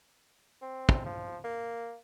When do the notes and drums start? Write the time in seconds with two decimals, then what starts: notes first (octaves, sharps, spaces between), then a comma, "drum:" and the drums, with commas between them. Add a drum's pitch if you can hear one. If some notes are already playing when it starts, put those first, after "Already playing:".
0.62 C4
0.89 drum: kick
1.06 F3
1.44 A#3